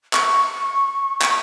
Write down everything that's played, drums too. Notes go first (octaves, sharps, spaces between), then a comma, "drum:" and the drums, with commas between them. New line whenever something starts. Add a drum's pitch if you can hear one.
C#6, drum: clap
drum: clap